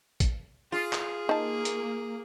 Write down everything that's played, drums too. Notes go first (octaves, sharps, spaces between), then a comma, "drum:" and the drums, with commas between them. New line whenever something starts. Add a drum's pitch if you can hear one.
drum: kick, hi-hat
F4 G#4
drum: clap
A#3 D#4 A5
drum: hi-hat